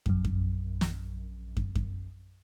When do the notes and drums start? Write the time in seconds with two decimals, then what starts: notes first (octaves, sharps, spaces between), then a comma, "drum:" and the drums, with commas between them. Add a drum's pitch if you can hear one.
0.06 A#1 F#2, drum: kick
0.25 drum: kick
0.81 drum: snare
1.57 drum: kick
1.75 drum: kick